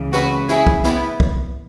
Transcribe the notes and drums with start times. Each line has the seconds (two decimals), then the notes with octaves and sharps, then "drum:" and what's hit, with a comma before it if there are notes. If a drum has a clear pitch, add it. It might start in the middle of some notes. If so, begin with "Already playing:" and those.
Already playing: C#2 C#3 E3
0.13 F#4 B4, drum: snare
0.49 E4 G#4, drum: snare
0.67 drum: kick
0.84 B3 E4, drum: snare
1.20 drum: kick